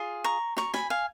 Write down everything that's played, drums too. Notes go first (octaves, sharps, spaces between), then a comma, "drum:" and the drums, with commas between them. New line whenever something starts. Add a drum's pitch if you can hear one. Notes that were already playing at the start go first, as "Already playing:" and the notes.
Already playing: F4 G#4
A#5 C#6
A#5 C#6, drum: snare
G#5 B5, drum: snare
F5 G#5